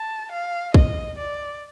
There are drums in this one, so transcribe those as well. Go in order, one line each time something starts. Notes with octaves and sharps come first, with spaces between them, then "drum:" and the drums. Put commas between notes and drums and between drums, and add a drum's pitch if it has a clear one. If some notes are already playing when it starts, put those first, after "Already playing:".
Already playing: A5
F5
D#5, drum: kick
D5